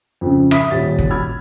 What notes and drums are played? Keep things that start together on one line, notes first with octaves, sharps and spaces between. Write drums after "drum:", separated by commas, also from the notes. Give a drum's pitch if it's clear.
F2 C#3
E5 B5 D#6 B6, drum: rim click
D#1 A6
drum: kick
B5 E6 F6 G#6